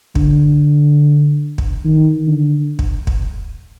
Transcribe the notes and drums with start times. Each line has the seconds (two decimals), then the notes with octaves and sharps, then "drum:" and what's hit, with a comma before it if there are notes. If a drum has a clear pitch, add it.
0.15 D3, drum: kick
1.58 drum: kick
1.85 D#3
2.27 D3
2.79 drum: kick
3.07 drum: kick